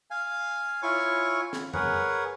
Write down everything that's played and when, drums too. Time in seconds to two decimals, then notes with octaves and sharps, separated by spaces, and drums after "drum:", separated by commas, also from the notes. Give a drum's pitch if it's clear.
0.11 F5 G#5
0.83 E4 F4 C#5 G#5 C#6
1.53 drum: snare
1.74 G#4 A#4 B4 C#5 F#5, drum: tom F2